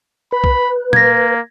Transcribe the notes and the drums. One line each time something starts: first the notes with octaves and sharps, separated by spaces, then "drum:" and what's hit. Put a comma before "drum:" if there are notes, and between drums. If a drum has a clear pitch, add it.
B4 B5
drum: kick B1
A#3 G#6 A#6, drum: tom A#2